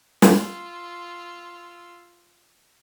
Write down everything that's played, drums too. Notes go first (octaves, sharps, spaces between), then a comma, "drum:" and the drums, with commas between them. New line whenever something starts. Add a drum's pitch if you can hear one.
F4 E6, drum: snare